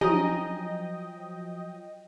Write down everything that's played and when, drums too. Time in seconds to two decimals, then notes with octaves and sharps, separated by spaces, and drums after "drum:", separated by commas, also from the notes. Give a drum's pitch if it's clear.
0.01 F3 F#3 D#5 G5 G#5 A#5 D#6, drum: tom